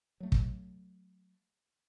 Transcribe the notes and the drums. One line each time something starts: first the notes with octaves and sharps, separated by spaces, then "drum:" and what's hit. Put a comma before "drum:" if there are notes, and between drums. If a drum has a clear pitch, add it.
F#3 A3
drum: kick